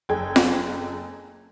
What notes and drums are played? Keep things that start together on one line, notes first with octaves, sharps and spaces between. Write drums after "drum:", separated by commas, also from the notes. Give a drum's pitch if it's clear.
F#1 G#4 A4 G5 G#6
drum: snare F4